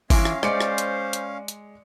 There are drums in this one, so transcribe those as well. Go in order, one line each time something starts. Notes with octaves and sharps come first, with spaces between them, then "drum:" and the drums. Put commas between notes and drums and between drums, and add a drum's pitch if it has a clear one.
E3 F#3 G#3 C#4 F5 C6, drum: kick G1, open hi-hat
drum: rim click
G#3 C5 D5 C#7, drum: rim click
drum: rim click
drum: hi-hat
drum: hi-hat
drum: hi-hat